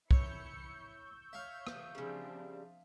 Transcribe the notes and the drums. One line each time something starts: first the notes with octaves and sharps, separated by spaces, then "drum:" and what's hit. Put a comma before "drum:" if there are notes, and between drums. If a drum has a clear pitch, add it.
E4 C#5 C#6 E6 G6 C#7, drum: kick
C#5 E5 F5
drum: rim click
C#3 F3 G3 C4 D4